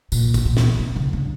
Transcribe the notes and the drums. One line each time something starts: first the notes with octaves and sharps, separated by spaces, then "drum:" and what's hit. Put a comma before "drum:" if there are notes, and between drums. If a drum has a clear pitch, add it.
A#2, drum: tambourine
drum: kick, tambourine
A#2
drum: snare
B2
C#3
D3